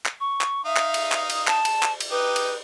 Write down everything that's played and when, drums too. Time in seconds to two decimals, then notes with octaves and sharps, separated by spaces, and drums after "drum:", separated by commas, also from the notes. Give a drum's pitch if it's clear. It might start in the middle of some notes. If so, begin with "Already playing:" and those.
0.06 drum: clap
0.20 C#6
0.41 drum: clap
0.65 D#4 E5 F5 D#6
0.76 drum: clap
0.94 drum: cymbal
1.12 drum: clap
1.30 drum: cymbal
1.47 A5, drum: clap
1.65 drum: cymbal
1.83 drum: clap
2.01 drum: cymbal
2.11 D#4 G4 B4
2.36 drum: cymbal